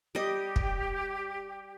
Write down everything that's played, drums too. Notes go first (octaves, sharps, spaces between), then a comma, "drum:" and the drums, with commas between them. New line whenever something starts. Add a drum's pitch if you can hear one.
G3 G4 D#5
drum: kick